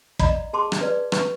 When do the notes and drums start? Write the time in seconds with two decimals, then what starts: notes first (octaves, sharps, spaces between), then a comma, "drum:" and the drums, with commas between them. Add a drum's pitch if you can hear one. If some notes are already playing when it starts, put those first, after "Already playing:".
0.19 D5 D#5 A#5 B5, drum: kick
0.53 G#4 A5 C6 D6
0.72 drum: rim click
0.81 B4 D5
1.12 B4 C#6, drum: rim click